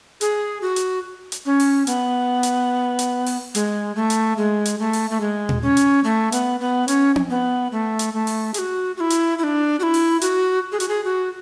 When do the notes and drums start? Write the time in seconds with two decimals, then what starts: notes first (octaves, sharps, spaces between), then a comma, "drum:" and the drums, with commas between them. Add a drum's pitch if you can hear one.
0.21 G#4, drum: hi-hat
0.62 F#4
0.76 drum: hi-hat
1.32 drum: hi-hat
1.46 C#4
1.60 drum: open hi-hat
1.87 B3, drum: hi-hat
2.43 drum: hi-hat
2.99 drum: hi-hat
3.26 drum: open hi-hat
3.55 G#3, drum: hi-hat
3.96 A3
4.10 drum: hi-hat
4.38 G#3
4.65 drum: hi-hat
4.79 A3
4.93 drum: open hi-hat
5.10 A3
5.20 G#3
5.49 drum: tom A#2
5.62 C#4
5.77 drum: hi-hat
6.04 A3
6.32 B3, drum: hi-hat
6.60 B3
6.88 C#4, drum: hi-hat
7.16 drum: tom C4
7.30 B3
7.72 A3
7.99 drum: hi-hat
8.14 A3
8.27 drum: open hi-hat
8.54 G#4, drum: hi-hat
8.59 F#4
8.97 F#4
9.00 E4
9.10 drum: hi-hat
9.39 E4
9.44 D4
9.80 F#4
9.83 E4
9.94 drum: open hi-hat
10.21 F#4, drum: hi-hat
10.72 G#4
10.80 F#4, drum: hi-hat
10.88 G#4
11.05 F#4